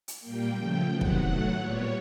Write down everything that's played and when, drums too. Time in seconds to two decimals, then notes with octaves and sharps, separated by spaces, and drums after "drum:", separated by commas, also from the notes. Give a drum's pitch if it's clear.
0.08 drum: hi-hat
0.20 A#2 G3 A#3 G5
0.54 C#3 F3 A3 G5
0.88 C3 D#3 F#3 B3 F#5
1.01 drum: kick
1.23 A2 F#3 A3
1.56 A#2 G3 B3 C#5